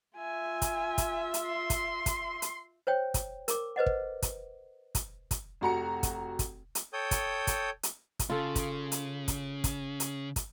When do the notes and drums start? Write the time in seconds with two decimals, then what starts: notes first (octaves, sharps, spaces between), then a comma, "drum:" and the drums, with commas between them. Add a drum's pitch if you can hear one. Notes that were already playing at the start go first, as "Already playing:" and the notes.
0.17 F4 E5 G#5
0.62 drum: kick, hi-hat
0.98 drum: kick, hi-hat
1.34 drum: hi-hat
1.47 C6
1.70 drum: kick, hi-hat
2.06 drum: kick, hi-hat
2.42 drum: hi-hat
2.87 C5 C#5 G5
3.14 drum: kick, hi-hat
3.48 A#4 D6, drum: hi-hat
3.76 B4 C5 D#5 F#5
3.86 drum: kick
4.22 drum: kick, hi-hat
4.95 drum: kick, hi-hat
5.31 drum: kick, hi-hat
5.61 F1 F#4 A#5 C#7
6.03 drum: kick, hi-hat
6.39 drum: kick, hi-hat
6.75 drum: hi-hat
6.93 A4 C#5 G5 D#6 G6
7.11 drum: kick, hi-hat
7.47 drum: kick, hi-hat
7.83 drum: hi-hat
8.19 drum: kick, hi-hat
8.30 C#3 F4 A4
8.55 drum: kick, hi-hat
8.92 drum: hi-hat
9.28 drum: kick, hi-hat
9.64 drum: kick, hi-hat
10.00 drum: hi-hat
10.36 drum: kick, hi-hat